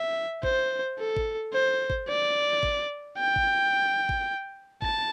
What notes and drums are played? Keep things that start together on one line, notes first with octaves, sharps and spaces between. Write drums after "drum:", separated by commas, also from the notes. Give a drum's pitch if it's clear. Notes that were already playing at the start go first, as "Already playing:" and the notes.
Already playing: E5
C5, drum: kick G#1
A4
drum: kick G#1
C5
drum: kick G#1
D5
drum: kick G#1
G5
drum: kick G#1
drum: kick G#1
A5, drum: kick G#1